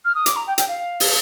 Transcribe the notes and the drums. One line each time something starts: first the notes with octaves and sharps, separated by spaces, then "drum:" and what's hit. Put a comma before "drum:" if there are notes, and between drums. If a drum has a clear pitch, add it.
F6
D#6
D6, drum: hi-hat
A#5
G5
G5, drum: hi-hat
F5
drum: open hi-hat